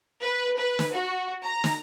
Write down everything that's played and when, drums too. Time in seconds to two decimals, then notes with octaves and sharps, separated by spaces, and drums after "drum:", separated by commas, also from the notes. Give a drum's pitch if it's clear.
0.22 B4
0.57 B4
0.79 drum: snare
0.93 F#4
1.44 A#5
1.64 drum: snare